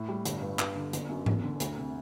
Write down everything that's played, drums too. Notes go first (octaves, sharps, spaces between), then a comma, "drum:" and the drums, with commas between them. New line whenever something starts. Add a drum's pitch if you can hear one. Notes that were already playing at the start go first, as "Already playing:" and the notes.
Already playing: A2
G3
G1, drum: hi-hat
G2
G2, drum: clap
D3
G1, drum: hi-hat
F#2
E2, drum: tom G#2
D3
D2, drum: hi-hat
C3